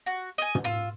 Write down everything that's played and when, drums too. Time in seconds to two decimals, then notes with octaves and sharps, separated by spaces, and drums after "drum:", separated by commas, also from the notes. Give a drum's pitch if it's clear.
0.06 F#4
0.38 D#5 G#5
0.55 drum: tom
0.64 F4 E6